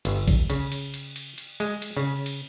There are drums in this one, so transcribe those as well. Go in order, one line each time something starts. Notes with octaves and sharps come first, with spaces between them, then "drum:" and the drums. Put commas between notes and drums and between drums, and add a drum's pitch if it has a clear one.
G1, drum: cymbal
drum: kick A#1, cymbal
C#3, drum: cymbal
drum: cymbal
drum: cymbal
drum: cymbal
drum: cymbal
G#3, drum: cymbal
drum: cymbal
C#3
drum: cymbal